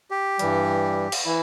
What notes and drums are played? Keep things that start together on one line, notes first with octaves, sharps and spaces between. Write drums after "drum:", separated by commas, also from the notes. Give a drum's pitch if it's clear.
G4
G2 E3 G3, drum: hi-hat
drum: cymbal
E3 E4